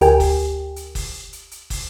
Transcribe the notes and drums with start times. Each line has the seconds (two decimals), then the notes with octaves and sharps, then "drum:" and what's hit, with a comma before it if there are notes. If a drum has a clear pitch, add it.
0.01 D2 G4 A#4 G5 G#5, drum: hi-hat
0.20 drum: kick, open hi-hat
0.76 drum: hi-hat
0.95 drum: kick, open hi-hat
1.33 drum: hi-hat
1.51 drum: hi-hat
1.70 drum: kick, open hi-hat